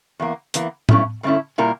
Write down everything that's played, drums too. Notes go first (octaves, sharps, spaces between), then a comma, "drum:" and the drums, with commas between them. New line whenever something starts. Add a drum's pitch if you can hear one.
E2 E3 A#3
E2 E3 A#3, drum: hi-hat
G2 D3 A3 C#4 E4, drum: tom A2
G2 D3 A3 C#4 E4
A#2 G3 A#3 E4 A#4